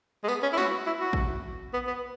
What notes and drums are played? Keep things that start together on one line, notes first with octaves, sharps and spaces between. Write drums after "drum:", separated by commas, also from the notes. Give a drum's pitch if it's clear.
G#3
B3, drum: tambourine
C#4
E4
F#4, drum: snare
E4
F#4
drum: kick A1
B3
B3